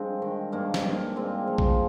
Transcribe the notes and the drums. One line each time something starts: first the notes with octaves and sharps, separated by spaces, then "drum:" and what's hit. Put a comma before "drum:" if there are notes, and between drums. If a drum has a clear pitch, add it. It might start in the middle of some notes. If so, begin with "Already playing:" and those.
Already playing: G2 F3 G#3 C4
D#3
G2 A#3 D4
drum: snare
G2
A#2 G#3 C4
F3
drum: kick A#1